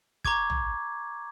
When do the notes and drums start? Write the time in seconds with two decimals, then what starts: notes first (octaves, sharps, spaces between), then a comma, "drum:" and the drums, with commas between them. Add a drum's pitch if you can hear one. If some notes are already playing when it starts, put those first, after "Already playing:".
0.25 A#5 C#6 D6 G#6, drum: kick
0.50 drum: tom